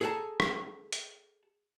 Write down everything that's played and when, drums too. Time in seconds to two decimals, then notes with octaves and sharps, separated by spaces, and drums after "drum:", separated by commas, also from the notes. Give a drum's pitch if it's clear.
0.01 G#4 A4 C5 F#5 A5 A#5
0.40 drum: rim click
0.93 drum: hi-hat